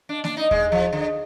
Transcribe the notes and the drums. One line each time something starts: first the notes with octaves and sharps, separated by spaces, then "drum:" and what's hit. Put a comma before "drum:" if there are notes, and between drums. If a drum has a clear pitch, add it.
D4
D4, drum: snare A#3
D#4
G#3, drum: kick D#2
F3
D3